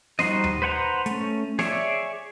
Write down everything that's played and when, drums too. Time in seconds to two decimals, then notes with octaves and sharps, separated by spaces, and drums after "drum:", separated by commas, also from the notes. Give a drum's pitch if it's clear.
0.19 G3 D#4 F#4 C5 D#5, drum: snare
0.44 drum: tom D#2
0.62 B4 C5 F#5 G#5 A#5
1.06 A3 C#4, drum: hi-hat
1.59 G#4 C#5 D5 E5 G#5, drum: snare